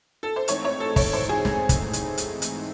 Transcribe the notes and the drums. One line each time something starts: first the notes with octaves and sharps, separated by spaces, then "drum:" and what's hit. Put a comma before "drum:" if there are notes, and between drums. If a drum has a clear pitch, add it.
A4
C5
G#2 E3 A3 C4 D#4 C#5, drum: hi-hat
C#5
A4
C#5, drum: kick, open hi-hat
C5
G#4
drum: snare
drum: kick, hi-hat
drum: hi-hat
drum: hi-hat
drum: hi-hat